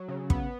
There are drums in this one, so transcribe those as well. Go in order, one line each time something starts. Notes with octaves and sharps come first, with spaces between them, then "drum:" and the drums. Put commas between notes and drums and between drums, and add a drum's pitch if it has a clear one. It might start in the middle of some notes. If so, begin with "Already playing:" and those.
Already playing: F#3
C#3
B3, drum: kick